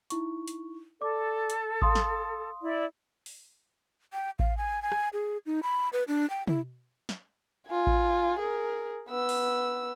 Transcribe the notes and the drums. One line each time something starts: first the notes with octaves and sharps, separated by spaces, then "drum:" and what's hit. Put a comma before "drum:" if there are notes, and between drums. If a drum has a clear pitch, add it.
D#4 E4 C#6, drum: hi-hat
drum: hi-hat
A4 D5 D6
drum: hi-hat
F5 C6 D#6, drum: kick A1
drum: snare
E4 D5
drum: open hi-hat
G5
F5, drum: kick A1
G#5
G#5
drum: rim click
G#4
D#4
B5
B4
D4
G5
E4, drum: tom
drum: snare
F4 G#5
drum: kick A1
G#4 A#4
B3 E6
drum: open hi-hat